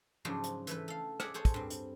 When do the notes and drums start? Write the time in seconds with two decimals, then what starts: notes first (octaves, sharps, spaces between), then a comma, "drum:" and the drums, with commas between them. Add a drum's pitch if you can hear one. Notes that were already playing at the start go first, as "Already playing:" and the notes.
0.25 G#2 C#3 F3 F#3 D4 F4
0.44 drum: hi-hat
0.67 E3 A3 B4, drum: hi-hat
0.88 A4 F5
1.20 G#4 D5 E5 F#5, drum: rim click
1.34 G#4 A4 C5 C#5
1.45 drum: kick, hi-hat
1.54 G2 C4
1.70 drum: hi-hat